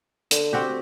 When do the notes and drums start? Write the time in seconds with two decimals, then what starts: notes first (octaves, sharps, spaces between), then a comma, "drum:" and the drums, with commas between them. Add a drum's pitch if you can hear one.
0.31 D3, drum: hi-hat
0.53 C4 F#4 G4